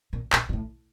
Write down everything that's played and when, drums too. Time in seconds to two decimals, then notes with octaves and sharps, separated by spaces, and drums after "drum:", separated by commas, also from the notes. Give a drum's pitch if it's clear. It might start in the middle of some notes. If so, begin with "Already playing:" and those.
0.13 A#2
0.33 A#2, drum: clap
0.49 A#2
0.53 A2